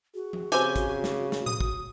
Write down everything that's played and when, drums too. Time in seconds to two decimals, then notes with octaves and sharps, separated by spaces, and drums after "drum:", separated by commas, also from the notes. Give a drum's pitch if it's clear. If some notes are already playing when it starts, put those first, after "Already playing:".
0.15 F#4 G#4
0.33 drum: tom F3
0.52 C#3 C4 G4 G#5
0.76 drum: kick, hi-hat
1.04 drum: snare
1.32 drum: snare
1.46 D#6, drum: tom A2
1.60 drum: kick